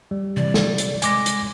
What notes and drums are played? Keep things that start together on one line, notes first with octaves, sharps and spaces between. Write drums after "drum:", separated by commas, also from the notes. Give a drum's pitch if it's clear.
G3
C3 E3 D5
drum: snare
drum: hi-hat
G#3 G#5 D6 A#6, drum: hi-hat
drum: hi-hat